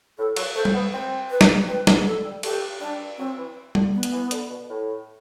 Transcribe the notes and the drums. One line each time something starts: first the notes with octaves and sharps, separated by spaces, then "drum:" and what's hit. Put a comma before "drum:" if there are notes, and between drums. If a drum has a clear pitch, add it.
A2 A4
F#3, drum: cymbal
A3 C5
drum: tom G3
B3
C4 C5
B4
drum: snare
C4 B4
B3, drum: snare
D3 A4
G3
A3 G4, drum: cymbal
G3 D4
F#3 C4
E3
D3, drum: tom G3
B3
drum: hi-hat
E3
D3, drum: hi-hat
B2
A2